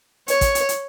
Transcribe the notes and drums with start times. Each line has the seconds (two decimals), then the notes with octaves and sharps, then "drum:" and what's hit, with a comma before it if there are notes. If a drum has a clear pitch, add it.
0.28 C#5, drum: hi-hat
0.41 drum: kick, hi-hat
0.55 drum: hi-hat
0.69 drum: hi-hat